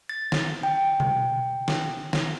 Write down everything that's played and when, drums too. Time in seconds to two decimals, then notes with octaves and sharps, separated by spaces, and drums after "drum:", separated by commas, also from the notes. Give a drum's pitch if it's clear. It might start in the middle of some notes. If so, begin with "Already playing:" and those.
0.09 A6
0.32 drum: snare
0.63 G5
1.00 drum: tom B2
1.68 drum: snare
2.13 drum: snare